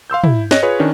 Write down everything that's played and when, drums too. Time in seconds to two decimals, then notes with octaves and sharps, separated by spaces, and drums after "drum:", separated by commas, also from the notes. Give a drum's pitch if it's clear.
0.10 F5 C6 E6 G6
0.24 E4, drum: tom
0.51 C#5 D#5 F#6 A#6, drum: snare
0.62 F4 G#4 B4 C#5
0.79 D#3 C#4 D4